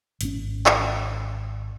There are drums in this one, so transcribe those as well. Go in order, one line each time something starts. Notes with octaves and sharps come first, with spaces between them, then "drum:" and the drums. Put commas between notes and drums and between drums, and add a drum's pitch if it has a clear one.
G#1 C#3 C#4, drum: hi-hat
drum: clap